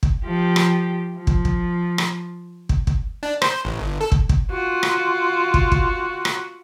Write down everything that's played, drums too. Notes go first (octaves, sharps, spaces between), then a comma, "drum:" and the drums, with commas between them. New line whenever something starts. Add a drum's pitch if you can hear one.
drum: kick
F3 G4
drum: rim click
F3
drum: kick
drum: kick
drum: rim click
drum: kick
drum: kick
D4
C5, drum: rim click
A1
G1
A4
drum: kick
drum: kick
F4 F#4
drum: rim click
drum: kick
drum: kick
drum: rim click